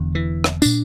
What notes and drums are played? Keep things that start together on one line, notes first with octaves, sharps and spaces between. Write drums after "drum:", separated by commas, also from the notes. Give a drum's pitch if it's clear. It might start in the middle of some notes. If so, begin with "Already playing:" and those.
Already playing: E1 E2 D3
E3
drum: rim click
A#2 D4, drum: tambourine